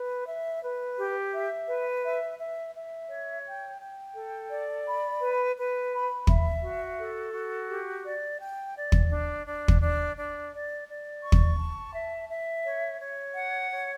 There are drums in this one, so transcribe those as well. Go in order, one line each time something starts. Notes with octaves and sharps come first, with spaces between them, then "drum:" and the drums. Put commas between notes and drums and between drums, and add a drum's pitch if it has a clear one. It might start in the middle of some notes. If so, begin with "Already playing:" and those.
Already playing: B4
E5
B4
G4
E5
B4
E5
E5
E5
C#5
G5
G5
A4
D5
B5
B4
B4
B5
E5, drum: kick
F#4
A4
F#4
G4
D5
G5
D5
drum: kick
D4
D4
drum: kick
D4
D4
D5
D5
C#6
drum: kick
A5
E5
E5
C#5
C#5
F#5
C#5